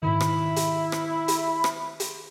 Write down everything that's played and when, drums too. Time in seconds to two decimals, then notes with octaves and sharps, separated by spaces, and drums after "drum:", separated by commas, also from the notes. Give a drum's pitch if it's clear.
0.03 G#2 B2 D#3 E4 B5
0.20 drum: rim click
0.56 drum: hi-hat
0.92 drum: rim click
1.28 drum: hi-hat
1.64 drum: rim click
2.00 drum: hi-hat